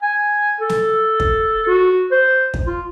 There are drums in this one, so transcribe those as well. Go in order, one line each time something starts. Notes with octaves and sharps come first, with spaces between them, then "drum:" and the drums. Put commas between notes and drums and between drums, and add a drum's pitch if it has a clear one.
G#5
A4
drum: snare
drum: kick
F#4
C5
drum: kick
F4